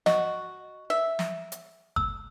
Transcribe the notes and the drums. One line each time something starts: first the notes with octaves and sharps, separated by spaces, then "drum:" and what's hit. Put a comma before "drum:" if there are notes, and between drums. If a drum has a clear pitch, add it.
F#4 D#5, drum: snare
E5
drum: snare
drum: hi-hat
E6, drum: kick F#1